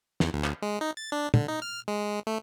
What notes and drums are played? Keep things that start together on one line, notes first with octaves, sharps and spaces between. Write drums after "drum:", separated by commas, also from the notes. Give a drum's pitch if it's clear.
E2, drum: snare
D2
drum: clap
G#3
D#4
A6
D4
D3, drum: tom
D#4
F6
G#3
A3